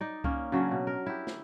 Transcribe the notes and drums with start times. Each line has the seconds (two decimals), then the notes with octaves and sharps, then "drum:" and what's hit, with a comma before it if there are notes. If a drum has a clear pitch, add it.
0.01 D#4 D5
0.24 A#3 C#4, drum: kick C2
0.52 C#3 F#3 C#4 D4
0.71 B2
0.87 A#4
1.06 E4 G4
1.27 drum: snare